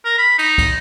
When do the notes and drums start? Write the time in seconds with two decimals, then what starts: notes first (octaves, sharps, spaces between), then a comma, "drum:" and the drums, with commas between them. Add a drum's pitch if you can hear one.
0.05 A#4
0.18 B5
0.39 D#4, drum: cymbal
0.58 drum: kick, cymbal